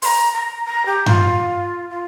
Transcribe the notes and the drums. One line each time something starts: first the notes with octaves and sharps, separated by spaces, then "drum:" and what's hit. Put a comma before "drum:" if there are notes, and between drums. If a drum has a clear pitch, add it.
C6, drum: open hi-hat
A#5
A#5
A#5
G4
F4, drum: tom G2
F4